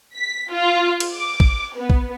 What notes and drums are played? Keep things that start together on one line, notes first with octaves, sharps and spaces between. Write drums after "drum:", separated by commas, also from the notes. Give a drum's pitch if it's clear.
B6
F4
drum: cymbal
D6
drum: kick
B3
drum: kick